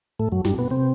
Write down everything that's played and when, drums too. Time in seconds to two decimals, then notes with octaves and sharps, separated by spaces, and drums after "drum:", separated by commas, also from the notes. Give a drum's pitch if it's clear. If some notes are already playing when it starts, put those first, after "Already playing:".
0.19 A2 A3
0.32 F#2 F#3
0.45 G2 G3, drum: snare
0.58 B2 B3
0.71 C3 C4